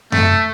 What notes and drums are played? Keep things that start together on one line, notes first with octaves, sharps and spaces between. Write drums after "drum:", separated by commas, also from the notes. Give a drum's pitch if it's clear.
A3, drum: tom F#2